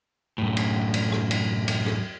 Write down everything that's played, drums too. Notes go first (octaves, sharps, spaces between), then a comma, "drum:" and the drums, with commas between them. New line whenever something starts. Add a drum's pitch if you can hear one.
F#2 A2
drum: cymbal
drum: cymbal
drum: rim click
drum: cymbal
drum: cymbal
drum: rim click